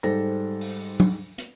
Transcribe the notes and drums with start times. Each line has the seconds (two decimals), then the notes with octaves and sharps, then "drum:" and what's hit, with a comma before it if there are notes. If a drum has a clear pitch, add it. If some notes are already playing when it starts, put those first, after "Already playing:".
0.03 G#2 G3 A4 C5 A#6
0.61 drum: open hi-hat
1.00 drum: tom
1.38 drum: hi-hat